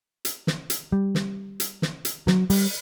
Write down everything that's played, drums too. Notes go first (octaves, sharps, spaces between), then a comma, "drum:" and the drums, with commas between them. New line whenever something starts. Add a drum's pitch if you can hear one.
drum: hi-hat
drum: snare
drum: hi-hat
G3
drum: snare
drum: hi-hat
drum: snare
drum: hi-hat
F#3, drum: snare
G3, drum: open hi-hat